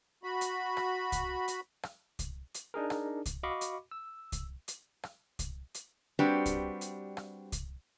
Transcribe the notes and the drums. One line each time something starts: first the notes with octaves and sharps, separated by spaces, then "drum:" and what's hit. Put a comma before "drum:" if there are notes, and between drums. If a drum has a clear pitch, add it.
F#4 B5
drum: hi-hat
drum: rim click
drum: kick C2, hi-hat
drum: hi-hat
drum: rim click
drum: kick C2, hi-hat
drum: hi-hat
D4 D#4 G#4 A#4
drum: rim click
drum: kick C2, hi-hat
F#4 D#5 F5 B5 C#6 D6
drum: hi-hat
E6
drum: kick C2, hi-hat
drum: hi-hat
drum: rim click
drum: kick C2, hi-hat
drum: hi-hat
G3 C4 D4 F#4 G4 B4
drum: kick C2, hi-hat
drum: hi-hat
drum: rim click
drum: kick C2, hi-hat